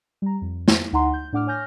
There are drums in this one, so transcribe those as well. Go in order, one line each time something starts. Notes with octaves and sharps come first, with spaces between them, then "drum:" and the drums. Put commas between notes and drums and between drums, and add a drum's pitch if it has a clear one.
G3 A#5
F2
drum: snare
D2 D#4 F#5 A#5 C6
G6
A2 D4 F#5 D6 F6
C#5 G#5 F6 G6 A#6